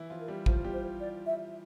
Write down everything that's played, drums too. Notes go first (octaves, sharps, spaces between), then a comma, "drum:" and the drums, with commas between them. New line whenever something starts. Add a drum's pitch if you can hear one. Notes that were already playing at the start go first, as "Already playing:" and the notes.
Already playing: E3 E4
F3 F4
A#4
G3 G4
F3 F4 C5, drum: kick A1
G3 G4
C5
D5
E5